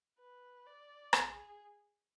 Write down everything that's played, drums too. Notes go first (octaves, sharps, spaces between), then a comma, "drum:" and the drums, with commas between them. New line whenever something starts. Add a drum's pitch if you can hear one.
B4
D5
G#4, drum: rim click